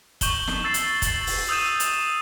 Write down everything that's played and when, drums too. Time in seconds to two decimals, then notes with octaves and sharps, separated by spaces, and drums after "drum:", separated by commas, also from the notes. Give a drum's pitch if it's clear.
0.21 C#6 G6 E7 F#7 G7, drum: kick, hi-hat
0.47 drum: snare
0.64 E6 A6 C7
0.74 drum: hi-hat
1.02 A6 C7 F#7, drum: kick, hi-hat
1.27 drum: open hi-hat
1.49 D#6 E6 G6 D#7 E7
1.80 drum: hi-hat